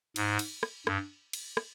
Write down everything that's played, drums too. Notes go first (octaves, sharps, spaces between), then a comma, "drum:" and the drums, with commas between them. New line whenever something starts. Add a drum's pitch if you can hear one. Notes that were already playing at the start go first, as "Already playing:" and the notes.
G#2, drum: cymbal
drum: cymbal
drum: rim click
G2, drum: rim click
drum: cymbal
drum: rim click